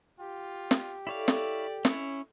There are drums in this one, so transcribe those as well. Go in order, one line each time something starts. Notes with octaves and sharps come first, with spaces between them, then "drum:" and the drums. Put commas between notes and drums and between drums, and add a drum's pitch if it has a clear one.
F4 G4
drum: snare
E4 A4 C#5 D5 F5
drum: snare
C#4 E4 C#5, drum: snare